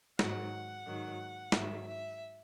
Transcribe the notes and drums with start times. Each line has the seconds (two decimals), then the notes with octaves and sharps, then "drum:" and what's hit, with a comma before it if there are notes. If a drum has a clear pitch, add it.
0.19 G#2 D#3 F#3 F#5, drum: snare
0.86 G#2 D#3 F#3
1.52 G#2 D#3 F#3 E5, drum: snare
1.85 E5